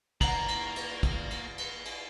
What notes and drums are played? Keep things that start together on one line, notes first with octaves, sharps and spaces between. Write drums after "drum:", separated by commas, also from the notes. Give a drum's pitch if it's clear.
A#3 F#5 A#5 F#7, drum: kick, cymbal
drum: cymbal
drum: cymbal
drum: kick, cymbal
drum: cymbal
drum: cymbal
drum: cymbal